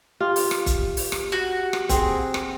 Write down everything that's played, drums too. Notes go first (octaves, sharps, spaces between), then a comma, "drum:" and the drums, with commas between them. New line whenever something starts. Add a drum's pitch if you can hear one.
F4 G4
drum: open hi-hat
drum: rim click
drum: kick, hi-hat
drum: open hi-hat
drum: rim click
F#4
drum: rim click
C4 G#4, drum: kick, hi-hat
drum: rim click